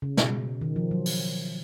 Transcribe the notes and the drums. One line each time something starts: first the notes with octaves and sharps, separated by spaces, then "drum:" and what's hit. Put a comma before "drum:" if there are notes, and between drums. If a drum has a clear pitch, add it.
C#3
B2, drum: snare
D#3
F3
F#3
drum: open hi-hat